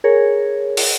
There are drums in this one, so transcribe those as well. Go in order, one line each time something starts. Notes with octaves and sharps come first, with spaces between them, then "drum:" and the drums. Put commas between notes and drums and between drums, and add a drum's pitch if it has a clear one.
G#4 A#4 C#5
drum: open hi-hat